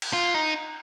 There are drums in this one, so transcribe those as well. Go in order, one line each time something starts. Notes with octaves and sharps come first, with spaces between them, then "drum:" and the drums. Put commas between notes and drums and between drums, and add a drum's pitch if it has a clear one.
drum: cymbal
F4
D#4